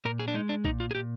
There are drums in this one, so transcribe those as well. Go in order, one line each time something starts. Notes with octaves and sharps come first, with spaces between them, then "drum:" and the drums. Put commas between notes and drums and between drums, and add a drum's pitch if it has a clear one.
A#2 A#4
G#4
D4
G#3 D#4
D4
A#2 D#4, drum: kick B1
F4
G#4
A#2 G4